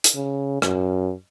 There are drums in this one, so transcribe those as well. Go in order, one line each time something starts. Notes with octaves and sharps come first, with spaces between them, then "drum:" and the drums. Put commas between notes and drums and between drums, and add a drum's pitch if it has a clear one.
drum: hi-hat
C#3
F#2, drum: rim click